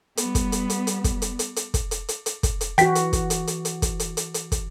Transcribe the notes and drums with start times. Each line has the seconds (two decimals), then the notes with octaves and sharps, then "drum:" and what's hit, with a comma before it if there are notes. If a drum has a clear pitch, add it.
0.17 G3 B3, drum: hi-hat
0.35 drum: kick, hi-hat
0.52 drum: hi-hat
0.70 drum: hi-hat
0.87 drum: hi-hat
1.04 drum: kick, hi-hat
1.22 drum: hi-hat
1.39 drum: hi-hat
1.56 drum: hi-hat
1.74 drum: kick, hi-hat
1.91 drum: hi-hat
2.09 drum: hi-hat
2.26 drum: hi-hat
2.43 drum: kick, hi-hat
2.61 drum: hi-hat
2.78 E3 F#4 G5 B6, drum: hi-hat
2.95 drum: hi-hat
3.13 drum: kick, hi-hat
3.30 drum: hi-hat
3.47 drum: hi-hat
3.65 drum: hi-hat
3.82 drum: kick, hi-hat
4.00 drum: hi-hat
4.17 drum: hi-hat
4.34 drum: hi-hat
4.52 drum: kick, hi-hat